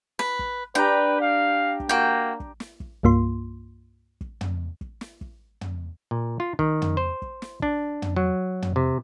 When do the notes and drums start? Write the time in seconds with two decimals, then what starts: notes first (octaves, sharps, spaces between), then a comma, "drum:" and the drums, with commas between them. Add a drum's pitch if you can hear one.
0.19 B4, drum: snare
0.39 drum: kick
0.75 D4 G4 B4 G5 A#5
1.21 F5
1.80 drum: kick
1.89 A#3 F#4 G5
2.40 drum: kick
2.60 drum: snare
2.80 drum: kick
3.03 C2 G2 A#3 F4 C6
4.21 drum: kick
4.41 drum: tom
4.81 drum: kick
5.01 drum: snare
5.21 drum: kick
5.61 drum: tom
6.11 A#2
6.40 F4
6.59 D#3, drum: kick
6.82 drum: tom
6.97 C5
7.22 drum: kick
7.42 drum: snare
7.62 D4, drum: kick
8.02 drum: tom
8.16 F#3
8.62 drum: tom
8.76 C3